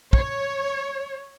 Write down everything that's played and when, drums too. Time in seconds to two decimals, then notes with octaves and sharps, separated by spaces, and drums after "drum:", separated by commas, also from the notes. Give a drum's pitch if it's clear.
0.13 C#5, drum: kick